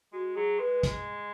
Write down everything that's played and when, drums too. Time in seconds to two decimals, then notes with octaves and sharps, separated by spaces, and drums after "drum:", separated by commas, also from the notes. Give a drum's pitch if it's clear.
0.13 G#3 F#4
0.36 F#3 G#4
0.59 G#3 B4
0.83 G#3, drum: kick, hi-hat